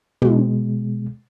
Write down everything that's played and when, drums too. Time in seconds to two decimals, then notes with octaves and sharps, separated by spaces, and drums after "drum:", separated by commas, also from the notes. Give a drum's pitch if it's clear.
0.22 B2 G#3, drum: tom